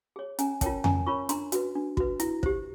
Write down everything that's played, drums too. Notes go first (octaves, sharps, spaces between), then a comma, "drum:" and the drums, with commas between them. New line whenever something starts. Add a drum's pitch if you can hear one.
G#4 C#5
C#4 G#5 A#5, drum: hi-hat
F4 A#4 C#5 G5 A5, drum: kick, hi-hat
C#4 G#5 A#5, drum: tom F2
F4 A#4 C#5 B5 C#6
D4 A#5 C6, drum: hi-hat
F#4 B4, drum: hi-hat
D4
F#4 B4, drum: kick
E4, drum: hi-hat
G4 C5, drum: kick